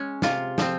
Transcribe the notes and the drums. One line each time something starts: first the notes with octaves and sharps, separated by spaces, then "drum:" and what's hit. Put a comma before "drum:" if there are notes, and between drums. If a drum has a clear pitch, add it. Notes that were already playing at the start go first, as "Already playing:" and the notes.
Already playing: G#3 C#4
C3 F4, drum: snare
F3 C4, drum: snare